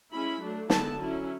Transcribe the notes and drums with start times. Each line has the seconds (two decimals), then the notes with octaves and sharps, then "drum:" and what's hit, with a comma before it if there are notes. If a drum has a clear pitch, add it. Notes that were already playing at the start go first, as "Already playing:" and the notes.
0.12 G#3 C#4 E4 B5
0.41 F#3 A3 D4
0.70 D3 G#3 B3 E4 A5, drum: snare
0.99 F#3 C#4 E4